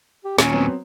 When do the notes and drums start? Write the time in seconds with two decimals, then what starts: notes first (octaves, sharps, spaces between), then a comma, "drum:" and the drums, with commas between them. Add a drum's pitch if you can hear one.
0.25 G4
0.38 D#2 A#2 C#4, drum: snare
0.52 F#3 B3 C4